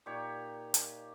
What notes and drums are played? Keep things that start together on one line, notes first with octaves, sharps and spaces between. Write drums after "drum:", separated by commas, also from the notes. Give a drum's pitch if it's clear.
A#2 D#4 G4 C#5
drum: hi-hat